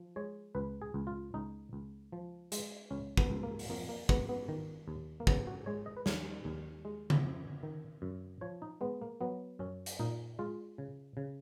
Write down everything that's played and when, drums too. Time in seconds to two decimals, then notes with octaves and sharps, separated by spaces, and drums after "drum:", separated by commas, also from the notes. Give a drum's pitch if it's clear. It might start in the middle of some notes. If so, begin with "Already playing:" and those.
Already playing: F3
0.16 G#3 C#5
0.55 C#2 B4
0.82 G#4
0.94 C#2
1.07 F4
1.34 C#2 D#4
1.73 C#2
2.12 F3
2.52 G#3, drum: hi-hat
2.91 C#2 C#4
3.17 B3, drum: kick
3.30 C#2
3.43 A#3
3.59 drum: open hi-hat
3.70 F2 A#3
3.89 A#3
4.09 G#3 B3, drum: kick
4.29 B3
4.48 D#3
4.88 D#2
5.20 A#3
5.27 C#3 B3, drum: kick
5.47 F#4
5.66 G#3 C#5
5.86 D#5
5.97 B4
6.06 D#2 C#5, drum: snare
6.45 D#2
6.85 G#3
7.10 drum: tom C#3
7.24 F2
7.63 D#3
8.02 F#2
8.41 F3 C#5
8.62 D#4
8.81 G#3 B3
9.02 A#3
9.21 F#3 B3
9.59 F#2 C#4
9.86 drum: hi-hat
9.99 A#2 D#4
10.39 G#3 F4
10.78 C#3
11.17 C#3